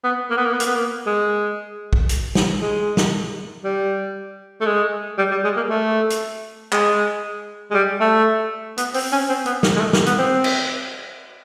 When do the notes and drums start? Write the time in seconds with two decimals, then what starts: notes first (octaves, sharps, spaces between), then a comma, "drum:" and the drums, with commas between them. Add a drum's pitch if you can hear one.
0.04 B3
0.30 A#3
0.37 B3
0.45 A#3
0.53 B3
0.60 A#3, drum: hi-hat
0.67 B3
0.75 A#3
1.06 G#3
1.93 drum: kick
2.09 drum: hi-hat
2.35 drum: snare
2.62 G#3
2.97 drum: snare
3.64 G3
4.61 A3
4.66 G#3
5.18 G3
5.31 G3
5.44 G#3
5.57 A#3
5.70 A3
6.10 drum: hi-hat
6.72 G#3, drum: clap
7.71 G#3
7.74 G3
8.01 A3
8.78 B3, drum: hi-hat
8.94 C4, drum: open hi-hat
9.12 C#4
9.29 C4
9.46 B3, drum: hi-hat
9.63 A#3, drum: snare
9.76 G#3
9.80 A3
9.93 A#3, drum: snare
10.06 B3, drum: hi-hat
10.19 C4
10.44 drum: cymbal